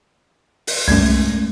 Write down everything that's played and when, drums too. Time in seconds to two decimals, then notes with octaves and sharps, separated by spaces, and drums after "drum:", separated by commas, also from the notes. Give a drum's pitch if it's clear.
0.67 drum: open hi-hat
0.88 C2 F#2 G#3 A3 G#6